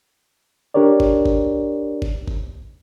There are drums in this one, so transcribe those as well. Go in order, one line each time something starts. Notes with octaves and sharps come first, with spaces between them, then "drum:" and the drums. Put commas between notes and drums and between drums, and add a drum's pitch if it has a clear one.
D4 G4 A#4 C#5 D5
drum: kick G1
drum: kick G1
drum: kick G1
drum: kick G1